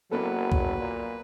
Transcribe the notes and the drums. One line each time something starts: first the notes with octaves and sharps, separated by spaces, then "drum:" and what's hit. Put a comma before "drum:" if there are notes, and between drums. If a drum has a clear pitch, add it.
F#1 F#3 A#3 B3 A4 B4
drum: kick B1
A#2